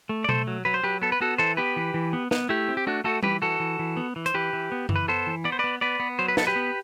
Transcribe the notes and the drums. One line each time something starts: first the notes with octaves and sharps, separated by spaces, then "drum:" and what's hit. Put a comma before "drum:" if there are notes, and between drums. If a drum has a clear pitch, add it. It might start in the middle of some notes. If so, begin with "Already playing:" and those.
A3
D5
A3 A4 C5, drum: tom B2
F#3
F#3 B4
C5
F#3 G4 B4
B3 A4
B4
B3 F#4 A4
E3 A4 C5
B3 G4 B4
E3
E3
B3
B3, drum: snare
A3 E4 G4
C4
G4
A3 D4 F#4
A3 F#4 A4
E3 G4 B4, drum: tom G3
E3 F#4 A4
E3
E3
B3
E3
C5, drum: hi-hat
E3 G4 B4
E3
B3
E3, drum: tom F#2
B4
B3 A4 C5
E3
B3 D5
C5
B3 B4 D5
B3 B4 D5
B3
F#3 C5
B4
B3 A4, drum: snare
G4 B4
B3